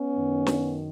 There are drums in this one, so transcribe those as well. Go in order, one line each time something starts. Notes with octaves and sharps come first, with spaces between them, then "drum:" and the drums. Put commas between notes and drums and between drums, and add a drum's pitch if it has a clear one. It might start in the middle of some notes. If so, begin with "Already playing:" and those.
Already playing: B3 C#4
F#2 D#3
drum: snare